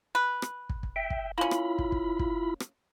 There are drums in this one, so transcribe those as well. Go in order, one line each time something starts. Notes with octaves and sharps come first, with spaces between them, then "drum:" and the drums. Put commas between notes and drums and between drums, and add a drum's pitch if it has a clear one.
B4
drum: rim click
drum: kick
drum: kick
E5 G5
drum: kick
A#3 C#4 E4 F4 B5
drum: rim click
drum: kick
drum: kick
drum: kick
drum: rim click